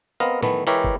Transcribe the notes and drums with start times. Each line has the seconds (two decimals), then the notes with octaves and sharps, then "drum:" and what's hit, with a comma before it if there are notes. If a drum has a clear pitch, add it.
0.20 B3 C4 A#4 D#5 F5
0.42 D#3 E3 A3 B3, drum: tom A2
0.67 E3 G#3 G4 A#4 C#5 E5
0.84 drum: kick